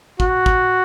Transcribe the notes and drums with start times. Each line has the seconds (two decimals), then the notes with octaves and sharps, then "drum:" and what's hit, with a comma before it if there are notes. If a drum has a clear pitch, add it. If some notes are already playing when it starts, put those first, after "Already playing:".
0.20 F#4, drum: kick
0.46 drum: kick